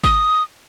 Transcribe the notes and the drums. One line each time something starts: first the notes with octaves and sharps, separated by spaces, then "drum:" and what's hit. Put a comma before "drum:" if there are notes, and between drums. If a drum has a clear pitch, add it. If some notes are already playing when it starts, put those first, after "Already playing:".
D#6, drum: kick G#1